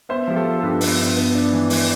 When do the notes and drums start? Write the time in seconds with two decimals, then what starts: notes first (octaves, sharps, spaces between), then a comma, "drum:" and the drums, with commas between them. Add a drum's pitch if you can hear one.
0.09 B3 C5 E5
0.28 F3 G4
0.36 F4 A4
0.45 B3
0.59 A4
0.63 G2 G4 B4
0.81 B3, drum: open hi-hat
0.99 G2
1.17 B3
1.35 D4
1.53 E3
1.70 E3, drum: open hi-hat